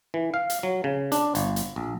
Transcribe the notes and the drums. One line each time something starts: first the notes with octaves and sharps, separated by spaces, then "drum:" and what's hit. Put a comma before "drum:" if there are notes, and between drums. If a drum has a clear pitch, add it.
E3
F5
drum: hi-hat
F#3
C#3
D4, drum: hi-hat
G1, drum: hi-hat
drum: hi-hat
A#1